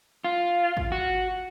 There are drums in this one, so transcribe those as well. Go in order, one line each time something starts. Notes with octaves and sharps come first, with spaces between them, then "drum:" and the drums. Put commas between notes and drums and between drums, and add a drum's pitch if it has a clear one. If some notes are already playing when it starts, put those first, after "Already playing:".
F4
drum: kick
F#4